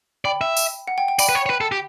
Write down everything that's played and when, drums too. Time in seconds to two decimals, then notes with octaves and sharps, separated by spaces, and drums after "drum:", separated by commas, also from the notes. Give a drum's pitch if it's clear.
0.25 D5 G5 B5
0.41 E5
0.57 drum: tambourine
0.88 F#5
0.98 G5
1.08 G5
1.19 D5 G5 B5, drum: tambourine
1.29 B4
1.35 C#5
1.46 C#5
1.50 B4
1.61 A4
1.72 G4